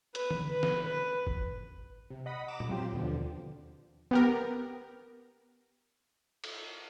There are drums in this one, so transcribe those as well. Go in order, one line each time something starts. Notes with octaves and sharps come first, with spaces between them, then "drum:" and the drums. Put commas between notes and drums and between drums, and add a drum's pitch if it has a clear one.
B4, drum: hi-hat
drum: tom D3
B4
drum: snare
B4
drum: kick G#1
C3
D#5 F#5 B5 D#6
A#5 D6 E7
drum: tom A#2
F#3 C4 F4 G4
D#2 B2 D3 F3
B3 G4 A#4
drum: cymbal